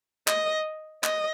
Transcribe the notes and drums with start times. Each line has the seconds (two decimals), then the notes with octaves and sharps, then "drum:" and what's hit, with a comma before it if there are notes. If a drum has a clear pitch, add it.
0.28 D#5, drum: clap
1.04 D#5, drum: clap